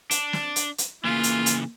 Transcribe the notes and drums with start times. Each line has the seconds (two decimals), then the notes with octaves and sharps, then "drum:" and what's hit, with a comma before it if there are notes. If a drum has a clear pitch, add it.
0.11 D4, drum: hi-hat
0.33 drum: snare
0.56 drum: hi-hat
0.78 drum: hi-hat
1.04 C#3 E3 A#3 F4
1.23 drum: hi-hat
1.46 drum: hi-hat